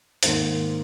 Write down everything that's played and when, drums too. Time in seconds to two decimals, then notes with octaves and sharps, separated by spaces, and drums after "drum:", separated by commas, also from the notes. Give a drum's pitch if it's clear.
0.23 G#2 D#3 A#3 C5, drum: hi-hat